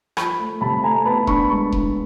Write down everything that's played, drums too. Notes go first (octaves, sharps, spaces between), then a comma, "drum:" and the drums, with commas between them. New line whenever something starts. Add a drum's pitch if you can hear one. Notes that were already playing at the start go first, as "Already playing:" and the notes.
F3 B5 C#6, drum: rim click
A3
C3 A5 B5
A3 G#5 A#5
B3 A5 B5
D4 B5 C#6, drum: kick D#1
G#3 B5 C#6
D4, drum: kick D#1